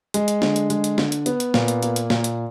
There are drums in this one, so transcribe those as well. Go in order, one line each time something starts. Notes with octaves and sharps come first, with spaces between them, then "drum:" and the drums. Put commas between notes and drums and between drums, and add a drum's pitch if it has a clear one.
G#3, drum: hi-hat
drum: hi-hat
D3, drum: snare
drum: hi-hat
G#3, drum: hi-hat
drum: hi-hat
D3, drum: snare
drum: hi-hat
B3, drum: hi-hat
drum: hi-hat
A#2, drum: snare
drum: hi-hat
A#3, drum: hi-hat
drum: hi-hat
A#2, drum: snare
drum: hi-hat